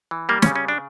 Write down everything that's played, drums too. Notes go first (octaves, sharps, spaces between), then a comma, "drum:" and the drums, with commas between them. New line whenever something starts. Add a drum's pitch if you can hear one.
E3
G3 A#3
C#3 C#4, drum: snare
C#4
D4